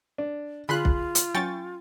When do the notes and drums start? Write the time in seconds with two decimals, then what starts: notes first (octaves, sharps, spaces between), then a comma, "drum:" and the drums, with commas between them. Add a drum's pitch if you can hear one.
0.18 D4
0.69 D3 F4 G#4 B5 C6 F#6
0.85 drum: kick B1
1.15 drum: hi-hat
1.35 F#3 C#4 G5 G#5 C#6 A6